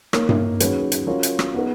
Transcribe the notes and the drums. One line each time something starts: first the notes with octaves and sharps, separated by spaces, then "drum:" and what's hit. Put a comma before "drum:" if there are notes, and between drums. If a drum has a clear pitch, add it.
A#3 D#4 A#4 C#5, drum: rim click
drum: tom G2
D#3 F#3 C#4 G#4 B4, drum: hi-hat
drum: hi-hat
F#3 C#4 F4 A#4 C#5
drum: hi-hat
drum: rim click
B3 D#4 G#4 B4